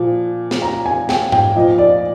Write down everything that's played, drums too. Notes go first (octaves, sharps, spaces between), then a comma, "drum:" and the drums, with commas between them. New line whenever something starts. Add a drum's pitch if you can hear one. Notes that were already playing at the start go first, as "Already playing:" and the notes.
Already playing: A#2 F3
drum: snare
A#5
G#5
G5, drum: snare
G5, drum: tom G#2
A#2 F3 D#5
D5